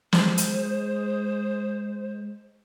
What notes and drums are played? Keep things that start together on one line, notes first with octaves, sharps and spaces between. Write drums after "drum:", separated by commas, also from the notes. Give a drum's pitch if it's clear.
G#3 C5, drum: snare
drum: hi-hat